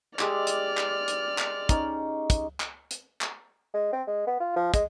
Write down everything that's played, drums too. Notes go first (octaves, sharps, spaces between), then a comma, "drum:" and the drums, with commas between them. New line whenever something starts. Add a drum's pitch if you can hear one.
G#3 G4 D5 E6 F6, drum: clap
drum: hi-hat
drum: clap
drum: hi-hat
drum: clap
C#4 D#4, drum: kick, hi-hat
drum: kick, hi-hat
drum: clap
drum: hi-hat
drum: clap
G#3
C4
G#3
B3
F4
F3
G#3, drum: kick, hi-hat